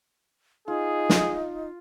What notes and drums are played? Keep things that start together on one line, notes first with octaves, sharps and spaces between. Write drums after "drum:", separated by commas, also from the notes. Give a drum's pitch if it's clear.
D#4 F4 G#4
drum: snare